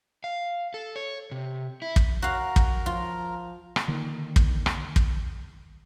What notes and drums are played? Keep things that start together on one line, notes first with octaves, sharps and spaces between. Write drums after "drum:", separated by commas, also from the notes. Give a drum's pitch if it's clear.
F5
A4
C#5
C3
E4
drum: kick
F#4 A#4 F5 A#5
drum: kick
F3 F4
drum: rim click
D3 D#3 A#3
drum: kick
drum: rim click
drum: kick